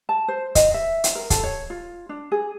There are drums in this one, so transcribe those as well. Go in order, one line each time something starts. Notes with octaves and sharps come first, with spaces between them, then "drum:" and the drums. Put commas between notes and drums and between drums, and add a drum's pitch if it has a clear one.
A5
C5
D#5, drum: kick, hi-hat
E5
drum: hi-hat
A#4
A4, drum: kick, hi-hat
C#5
F4
D4
G#4